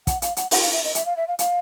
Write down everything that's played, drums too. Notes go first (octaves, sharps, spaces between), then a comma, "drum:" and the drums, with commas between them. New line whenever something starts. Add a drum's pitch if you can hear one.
F#5, drum: kick, hi-hat
F5, drum: hi-hat
F#5, drum: hi-hat
F#5, drum: open hi-hat
F5
E5
D#5
E5, drum: hi-hat
F5
E5
F5
F5, drum: hi-hat